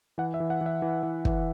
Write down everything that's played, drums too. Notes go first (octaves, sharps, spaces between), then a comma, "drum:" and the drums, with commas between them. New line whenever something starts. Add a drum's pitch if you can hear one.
E3 F#5
E5
E3
F#5
E3
E5
E3
E3
E3, drum: kick